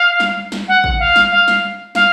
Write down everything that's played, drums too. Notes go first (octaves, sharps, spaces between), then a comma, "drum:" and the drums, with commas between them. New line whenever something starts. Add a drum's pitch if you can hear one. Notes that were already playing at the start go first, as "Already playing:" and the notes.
Already playing: F5
drum: snare
drum: snare
F#5
drum: kick
F5
drum: snare
F5
drum: snare
F5, drum: snare